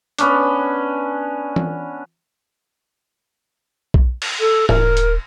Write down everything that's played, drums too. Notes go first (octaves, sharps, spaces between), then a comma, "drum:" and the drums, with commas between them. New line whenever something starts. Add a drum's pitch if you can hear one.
B3 C#4 D4, drum: hi-hat
drum: tom E3
drum: kick B1
drum: cymbal
A4
D#1 A#4, drum: tom G#2
drum: hi-hat